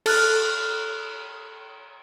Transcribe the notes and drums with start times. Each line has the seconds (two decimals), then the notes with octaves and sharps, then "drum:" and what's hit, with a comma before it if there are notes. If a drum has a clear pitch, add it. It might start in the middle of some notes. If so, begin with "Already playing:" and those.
0.06 A4 F6 F#6, drum: cymbal